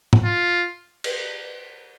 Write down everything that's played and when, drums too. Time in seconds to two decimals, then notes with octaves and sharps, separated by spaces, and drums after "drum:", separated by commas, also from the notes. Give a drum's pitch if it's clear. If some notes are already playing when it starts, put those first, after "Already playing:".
0.13 drum: tom
0.24 F4
1.04 drum: cymbal